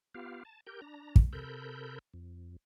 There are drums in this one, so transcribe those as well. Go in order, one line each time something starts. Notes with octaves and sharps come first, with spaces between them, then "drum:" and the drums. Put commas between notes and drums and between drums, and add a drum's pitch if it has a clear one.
B3 F4 G4 F5
A5
G4 A#4 G6
D4 A#5
drum: kick
C3 A4 A#4 B5 G6
F2